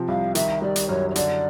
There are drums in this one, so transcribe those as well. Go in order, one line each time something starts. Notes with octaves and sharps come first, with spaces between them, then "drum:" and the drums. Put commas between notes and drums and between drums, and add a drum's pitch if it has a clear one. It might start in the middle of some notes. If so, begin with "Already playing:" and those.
Already playing: C3 F3
C2 F5
D#3 E5, drum: hi-hat
G3 D5
drum: hi-hat
F#2 C#5
C#5
D3 D5, drum: hi-hat